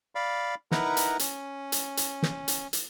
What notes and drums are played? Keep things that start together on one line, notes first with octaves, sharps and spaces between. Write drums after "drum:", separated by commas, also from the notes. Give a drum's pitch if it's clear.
D5 F5 B5
D#4 E4 A#4 B4 F#5 A#5, drum: snare
drum: hi-hat
C#4, drum: hi-hat
drum: hi-hat
drum: hi-hat
drum: snare
drum: hi-hat
drum: hi-hat